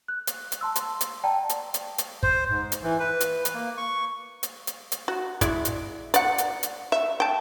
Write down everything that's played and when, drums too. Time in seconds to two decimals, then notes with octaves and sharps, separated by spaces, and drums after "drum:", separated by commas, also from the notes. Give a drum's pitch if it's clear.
0.08 F#6
0.27 drum: hi-hat
0.52 drum: hi-hat
0.61 A5 C6 E6
0.76 C6, drum: hi-hat
1.01 drum: hi-hat
1.24 D5 F#5 G5 A5 A#5
1.49 drum: hi-hat
1.74 drum: hi-hat
1.98 drum: hi-hat
2.23 C5, drum: kick
2.51 G#2
2.72 drum: hi-hat
2.83 E3
2.99 B4
3.21 drum: hi-hat
3.45 drum: hi-hat
3.54 A#3
3.77 C#6
4.43 drum: hi-hat
4.67 drum: hi-hat
4.92 drum: hi-hat
5.08 F#4
5.41 G#3 E4 D5, drum: kick, hi-hat
5.65 drum: hi-hat
6.14 D5 F#5, drum: hi-hat
6.38 drum: hi-hat
6.63 drum: hi-hat
6.92 E5
7.20 G5 A5